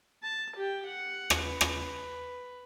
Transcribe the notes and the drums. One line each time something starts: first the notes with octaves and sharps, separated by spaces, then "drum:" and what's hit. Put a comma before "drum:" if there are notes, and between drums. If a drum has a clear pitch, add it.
A5
G4 G5
F#5
drum: rim click
B4
drum: rim click